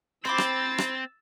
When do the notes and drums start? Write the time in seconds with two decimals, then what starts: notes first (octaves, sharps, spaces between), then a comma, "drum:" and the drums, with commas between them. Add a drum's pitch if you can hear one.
0.25 C4 C5 B5 D6 E6 A6
0.38 drum: rim click
0.78 drum: rim click